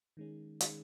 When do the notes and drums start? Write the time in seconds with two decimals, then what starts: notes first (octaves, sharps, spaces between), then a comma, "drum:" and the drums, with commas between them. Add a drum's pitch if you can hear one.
0.17 D#3 G#3 C#4
0.61 D#3 G#3 C#4, drum: hi-hat